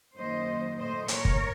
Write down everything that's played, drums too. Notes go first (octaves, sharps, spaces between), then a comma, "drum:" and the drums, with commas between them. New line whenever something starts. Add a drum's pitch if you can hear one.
F#2 D#3 F#3 A#3 C5 D#5
A#2 A3 C5 D#5
A#4 C#5, drum: hi-hat
drum: kick